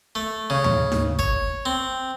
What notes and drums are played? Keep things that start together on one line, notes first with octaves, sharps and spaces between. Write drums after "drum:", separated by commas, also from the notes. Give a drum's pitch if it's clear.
A3
C#3
drum: tom
drum: snare D#4
C#5, drum: kick
C4